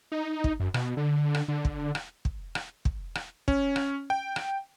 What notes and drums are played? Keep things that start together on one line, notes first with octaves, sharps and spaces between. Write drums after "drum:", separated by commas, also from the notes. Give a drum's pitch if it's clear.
D#4
drum: kick
F#2
B2, drum: rim click
D3
drum: rim click
D3
drum: kick
drum: rim click
drum: kick
drum: rim click
drum: kick
drum: rim click
C#4, drum: kick
drum: rim click
G5
drum: rim click